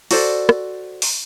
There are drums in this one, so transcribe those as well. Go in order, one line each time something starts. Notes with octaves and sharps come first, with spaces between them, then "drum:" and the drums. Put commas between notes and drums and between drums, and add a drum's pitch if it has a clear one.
F#4 A4 C5 D5, drum: open hi-hat
drum: rim click
drum: open hi-hat